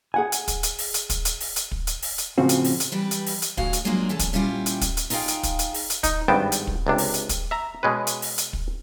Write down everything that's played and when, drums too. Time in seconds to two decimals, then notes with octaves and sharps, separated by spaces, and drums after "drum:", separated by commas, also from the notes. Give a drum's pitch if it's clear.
0.14 G#4 F#5 G#5
0.32 drum: hi-hat
0.48 drum: kick, hi-hat
0.63 drum: hi-hat
0.79 drum: open hi-hat
0.94 drum: hi-hat
1.10 drum: kick, hi-hat
1.25 drum: hi-hat
1.40 drum: open hi-hat
1.56 drum: hi-hat
1.71 drum: kick
1.87 drum: hi-hat
2.02 drum: open hi-hat
2.18 drum: hi-hat
2.38 A2 C#3 F3 C4 F#4
2.49 drum: hi-hat
2.64 drum: open hi-hat
2.80 drum: hi-hat
2.92 E3 G3 B4
3.11 drum: hi-hat
3.26 drum: open hi-hat
3.42 drum: hi-hat
3.57 D2 A2 F#4 G#4 F5, drum: kick
3.73 drum: hi-hat
3.85 F#3 G#3 A#3 D4 F4 F#4
4.09 C#3 E3 G#4 A4
4.19 drum: kick, hi-hat
4.33 A#2 G3 C#4 E4 F4 G4
4.66 drum: hi-hat
4.81 drum: kick, hi-hat
4.97 drum: hi-hat
5.10 D#4 F4 G#4 D#5 F5 G5, drum: open hi-hat
5.28 drum: hi-hat
5.43 drum: kick, hi-hat
5.59 drum: hi-hat
5.74 drum: open hi-hat
5.90 drum: hi-hat
6.03 D#4, drum: kick, hi-hat
6.28 G#1 G2 B3 C4 G5 A5
6.52 drum: hi-hat
6.67 drum: kick
6.87 C#2 C3 D4
6.98 drum: open hi-hat
7.14 drum: hi-hat
7.29 drum: kick, hi-hat
7.51 E5 A#5
7.83 B2 G#3 C#4 B4
8.07 drum: hi-hat
8.22 drum: open hi-hat
8.38 drum: hi-hat
8.53 drum: kick